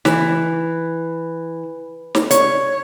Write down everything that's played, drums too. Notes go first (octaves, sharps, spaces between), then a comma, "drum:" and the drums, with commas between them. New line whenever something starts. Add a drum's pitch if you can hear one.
E3, drum: snare
drum: snare
C#5, drum: hi-hat